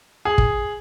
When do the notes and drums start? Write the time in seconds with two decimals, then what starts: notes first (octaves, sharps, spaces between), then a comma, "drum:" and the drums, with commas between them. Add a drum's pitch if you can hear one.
0.25 G#4
0.38 drum: kick